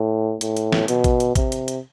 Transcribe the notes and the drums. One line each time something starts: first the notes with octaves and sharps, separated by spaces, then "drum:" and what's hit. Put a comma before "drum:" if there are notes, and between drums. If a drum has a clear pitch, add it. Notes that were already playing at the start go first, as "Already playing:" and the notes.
Already playing: A2
A2, drum: hi-hat
drum: hi-hat
drum: snare
B2, drum: hi-hat
drum: kick A1, hi-hat
drum: hi-hat
C3, drum: kick A1, hi-hat
drum: hi-hat
drum: hi-hat